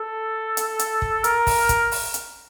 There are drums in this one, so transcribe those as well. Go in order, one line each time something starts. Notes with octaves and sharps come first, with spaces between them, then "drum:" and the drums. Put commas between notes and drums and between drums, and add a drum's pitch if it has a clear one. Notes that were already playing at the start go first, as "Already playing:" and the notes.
Already playing: A4
drum: hi-hat
drum: hi-hat
drum: kick
A#4, drum: hi-hat
drum: kick, open hi-hat
drum: kick, hi-hat
drum: open hi-hat
drum: hi-hat